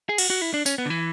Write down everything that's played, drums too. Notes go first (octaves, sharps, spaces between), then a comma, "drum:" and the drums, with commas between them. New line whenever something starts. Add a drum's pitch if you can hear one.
G#4
F#4, drum: cymbal
F#4
E4
D4
C#4, drum: tambourine
B3
D3
E3